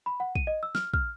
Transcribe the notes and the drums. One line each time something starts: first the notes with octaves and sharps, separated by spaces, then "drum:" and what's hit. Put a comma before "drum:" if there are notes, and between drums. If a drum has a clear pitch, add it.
B5
F#5
D#7, drum: kick
D#5
E6
F6, drum: snare
F6, drum: kick